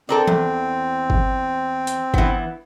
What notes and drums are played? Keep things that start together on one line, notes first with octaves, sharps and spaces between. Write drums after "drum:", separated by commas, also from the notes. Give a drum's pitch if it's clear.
C4 A4 A#4 D5
E2, drum: tom E3
drum: kick G1
drum: hi-hat
E3 B3, drum: kick G1